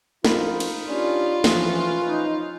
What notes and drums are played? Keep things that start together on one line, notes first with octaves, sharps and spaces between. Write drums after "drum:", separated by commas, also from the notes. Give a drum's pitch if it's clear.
F3 C4 D#4 F4 A#4 B5, drum: snare
drum: cymbal
C#4 D4 F4 G4 D5
E3 F3 C#4 B4, drum: snare
D#4 D#5